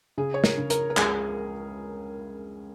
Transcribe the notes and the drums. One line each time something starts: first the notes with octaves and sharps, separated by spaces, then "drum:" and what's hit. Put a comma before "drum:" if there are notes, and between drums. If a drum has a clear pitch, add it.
C#3 G#4
C#5
A#4, drum: snare
C#3
A#4, drum: hi-hat
A#4
C#2 G#4, drum: clap